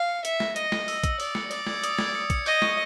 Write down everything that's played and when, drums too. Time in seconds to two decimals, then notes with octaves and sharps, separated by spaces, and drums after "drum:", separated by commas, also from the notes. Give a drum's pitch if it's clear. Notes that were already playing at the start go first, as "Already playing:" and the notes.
Already playing: F5
0.08 C#7
0.25 E5 C#7, drum: hi-hat
0.40 A#6, drum: snare
0.56 D#5 A#6, drum: hi-hat
0.72 C#7, drum: snare
0.88 E6, drum: open hi-hat
1.04 E6, drum: kick, hi-hat
1.20 D5 D#6, drum: open hi-hat
1.35 C#7, drum: snare
1.51 D5 D#6, drum: hi-hat
1.67 G#6, drum: snare
1.84 D#6, drum: hi-hat
1.99 G#6, drum: snare
2.15 C#7
2.30 C#7, drum: kick, hi-hat
2.46 D#5 G6, drum: open hi-hat
2.62 C#6, drum: snare